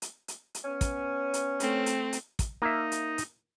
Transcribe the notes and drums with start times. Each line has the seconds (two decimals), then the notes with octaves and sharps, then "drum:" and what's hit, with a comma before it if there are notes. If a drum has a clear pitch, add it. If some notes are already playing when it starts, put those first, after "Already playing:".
0.02 drum: hi-hat
0.28 drum: hi-hat
0.55 drum: hi-hat
0.65 B3 C#4
0.81 drum: kick, hi-hat
1.34 drum: hi-hat
1.60 A3 C4, drum: hi-hat
1.86 drum: hi-hat
2.13 drum: hi-hat
2.39 drum: kick, hi-hat
2.62 A#3 D#4 E5
2.92 drum: hi-hat
3.18 drum: hi-hat